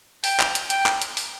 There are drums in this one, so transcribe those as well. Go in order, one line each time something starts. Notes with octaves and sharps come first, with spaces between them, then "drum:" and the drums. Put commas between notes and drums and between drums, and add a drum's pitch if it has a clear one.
G5, drum: open hi-hat
drum: clap
drum: hi-hat
G5, drum: hi-hat
drum: clap
drum: hi-hat
drum: open hi-hat